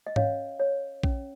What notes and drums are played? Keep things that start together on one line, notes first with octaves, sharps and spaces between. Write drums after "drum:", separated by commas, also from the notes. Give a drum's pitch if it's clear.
D#5
C#4 C#5 F5, drum: tom G#2
C#5
C#4, drum: kick A#1